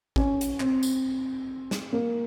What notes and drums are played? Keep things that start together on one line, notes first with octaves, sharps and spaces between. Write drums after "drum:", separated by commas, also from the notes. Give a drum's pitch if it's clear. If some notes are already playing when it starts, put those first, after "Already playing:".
C#4, drum: kick A1
drum: hi-hat
C4, drum: clap
drum: tambourine
drum: snare
A#3